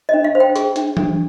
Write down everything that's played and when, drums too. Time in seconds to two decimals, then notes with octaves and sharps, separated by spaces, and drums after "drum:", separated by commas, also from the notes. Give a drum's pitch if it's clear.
0.09 D4 D#5
0.24 F5
0.35 C5
0.40 G5
0.56 G#4, drum: hi-hat
0.76 D4, drum: hi-hat
0.97 D4, drum: tom E3